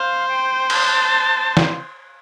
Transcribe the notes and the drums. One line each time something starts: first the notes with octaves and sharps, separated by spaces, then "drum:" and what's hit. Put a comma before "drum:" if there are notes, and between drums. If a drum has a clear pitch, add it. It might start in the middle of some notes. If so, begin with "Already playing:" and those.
Already playing: C5 F5
G5
A5, drum: cymbal
drum: snare